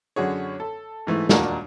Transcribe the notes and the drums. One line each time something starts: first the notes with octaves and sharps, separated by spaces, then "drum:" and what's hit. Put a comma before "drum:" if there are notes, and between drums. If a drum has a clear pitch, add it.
F#2 D3 F#4 G#4 C#5
A4
G#2 E3 A3
D#2 A#2 D4 F#4 A#4, drum: snare